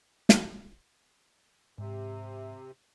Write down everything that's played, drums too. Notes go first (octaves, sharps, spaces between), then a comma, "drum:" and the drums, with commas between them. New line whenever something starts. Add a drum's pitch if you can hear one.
drum: snare
G#2 C3